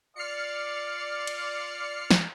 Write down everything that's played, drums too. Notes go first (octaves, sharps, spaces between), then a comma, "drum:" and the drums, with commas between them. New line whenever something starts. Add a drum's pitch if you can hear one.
F4 D5 F6 C7 C#7
drum: cymbal
drum: snare